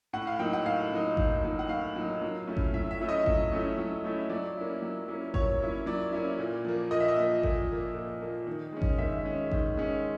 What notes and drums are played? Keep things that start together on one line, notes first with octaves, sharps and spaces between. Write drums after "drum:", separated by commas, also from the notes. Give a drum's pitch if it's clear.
A2 F#5
F5
F#3 A#3 D#4 G5
F#5
A2 F5
F#3 A#3 D#4
A2, drum: kick G#1
F#3 A#3 D#4
F#5
A2 F5
F#3 A#3 D#4
F#3
A3 C#4 E4
drum: kick G#1
F#3 E5
E5
A3 C#4 E4
D#5
F#3, drum: kick G#1
A3 C#4 E4
F#3
A3 C#4 E4
F#3 D5
A#3 C#4 E4
F#3
A#3 C#4 E4
F#3 C#5, drum: kick G#1
A#3 C#4 E4
F#3 D5
A#3 C#4 E4
A#2
F3 A#3
A#2 D#5
E5
D#5
F3 A#3
A#2, drum: kick G#1
F3 A#3
A#2
F3 A#3
D#3
G#3 C#4
drum: kick G#1
D#3 E5
G#3 C#4
D#3, drum: kick G#1
G#3 C#4